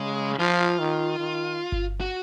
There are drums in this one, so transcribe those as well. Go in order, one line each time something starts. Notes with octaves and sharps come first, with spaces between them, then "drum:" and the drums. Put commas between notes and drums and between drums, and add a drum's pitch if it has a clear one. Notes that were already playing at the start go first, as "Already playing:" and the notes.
Already playing: C#3 G#3
F3 F4
D#3
D#3
drum: kick G1
F#4